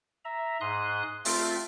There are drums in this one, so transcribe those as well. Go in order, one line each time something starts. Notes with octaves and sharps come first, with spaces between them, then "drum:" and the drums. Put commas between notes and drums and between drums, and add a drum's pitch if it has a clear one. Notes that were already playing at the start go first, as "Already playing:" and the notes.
E5 A#5
G#2 C6 D#6 F#6
A3 C4 F4, drum: open hi-hat